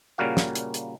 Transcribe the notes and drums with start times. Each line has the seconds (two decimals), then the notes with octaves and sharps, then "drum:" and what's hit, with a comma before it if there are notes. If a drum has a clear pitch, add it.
0.18 A#2 C#3 G3 A#3 F#4 F5
0.37 drum: snare
0.55 drum: hi-hat
0.74 drum: hi-hat